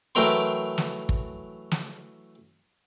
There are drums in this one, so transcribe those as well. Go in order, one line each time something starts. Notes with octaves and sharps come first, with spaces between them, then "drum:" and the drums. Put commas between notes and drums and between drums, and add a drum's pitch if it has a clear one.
E3 F#3 A3 A#4 G5 C6
drum: snare
drum: kick
drum: snare